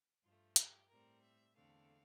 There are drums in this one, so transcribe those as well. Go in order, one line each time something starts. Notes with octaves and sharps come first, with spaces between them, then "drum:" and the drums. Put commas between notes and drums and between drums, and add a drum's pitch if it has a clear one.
G2 F3 A3 F4
G4, drum: hi-hat
A2 G3 C4 A#4
E5
E2 D3 A3 C4 F5